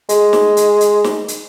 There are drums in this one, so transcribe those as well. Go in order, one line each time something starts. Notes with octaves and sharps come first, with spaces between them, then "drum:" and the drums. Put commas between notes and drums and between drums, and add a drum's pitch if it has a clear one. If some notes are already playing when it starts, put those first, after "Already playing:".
G#3, drum: hi-hat
drum: snare
drum: hi-hat
drum: hi-hat
drum: snare
drum: hi-hat